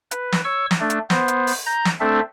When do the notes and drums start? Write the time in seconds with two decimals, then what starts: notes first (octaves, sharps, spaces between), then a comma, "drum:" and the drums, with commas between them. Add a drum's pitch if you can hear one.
0.11 B4, drum: hi-hat
0.32 drum: snare
0.44 C#5 C#6 E6
0.71 drum: snare
0.80 A3 D4
0.90 drum: hi-hat
1.10 B3 C5, drum: snare
1.28 drum: hi-hat
1.47 drum: open hi-hat
1.66 A#5 G6
1.85 drum: snare
2.00 A3 C4 D4 A4 E5